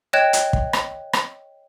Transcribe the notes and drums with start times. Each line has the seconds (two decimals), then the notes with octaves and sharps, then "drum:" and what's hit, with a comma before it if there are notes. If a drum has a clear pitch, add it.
0.13 C#5 D#5 G5 F#6 G#6 E7
0.33 drum: hi-hat
0.53 drum: kick
0.73 drum: rim click
1.13 drum: rim click